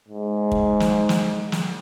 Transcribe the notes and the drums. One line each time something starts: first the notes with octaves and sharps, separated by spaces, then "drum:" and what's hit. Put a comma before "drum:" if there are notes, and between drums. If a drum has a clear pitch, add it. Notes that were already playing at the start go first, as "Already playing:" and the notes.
G#2
drum: kick
drum: snare
drum: snare
drum: snare